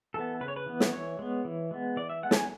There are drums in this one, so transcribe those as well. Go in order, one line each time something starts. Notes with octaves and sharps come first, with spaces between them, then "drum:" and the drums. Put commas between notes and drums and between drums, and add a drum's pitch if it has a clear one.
E3 B3 A4
C#3 B4
C#5
B4
E3 B3
drum: snare
E3 C#5
G#3 B3
E3
G#3 B3
E3 D5
E5
G#3 B3 F#5
A5, drum: snare
G#5